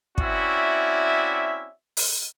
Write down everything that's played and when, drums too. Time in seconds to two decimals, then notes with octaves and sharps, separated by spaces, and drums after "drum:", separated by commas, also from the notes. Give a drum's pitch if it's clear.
0.18 C4 C#4 E4 F#4 D5 E5, drum: kick
1.97 drum: open hi-hat